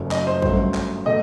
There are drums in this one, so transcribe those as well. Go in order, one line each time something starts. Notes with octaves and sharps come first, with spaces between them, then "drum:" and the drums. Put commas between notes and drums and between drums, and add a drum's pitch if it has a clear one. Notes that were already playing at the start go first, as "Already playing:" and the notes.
Already playing: F#1 F#2 F#3 A3
D#5, drum: clap
C5
G1 F#2 F#3 A3 C5, drum: kick
drum: clap
B2 A3 D#5